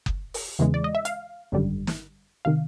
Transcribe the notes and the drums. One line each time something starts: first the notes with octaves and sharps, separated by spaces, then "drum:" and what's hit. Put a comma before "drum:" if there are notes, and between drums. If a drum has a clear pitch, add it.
drum: kick F#1
drum: open hi-hat
E2 C#3 E3 G#3
D5
D#5
E5
F5, drum: hi-hat
G#1 F#2 D3 G3
drum: snare
C3 D#3 F5